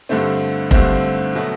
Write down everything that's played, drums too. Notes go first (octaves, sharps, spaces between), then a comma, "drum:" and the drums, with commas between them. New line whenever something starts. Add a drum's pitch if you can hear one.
G2 D3 A3 C4
G2 D3 A3 C4, drum: kick F1
B2 F#3 A3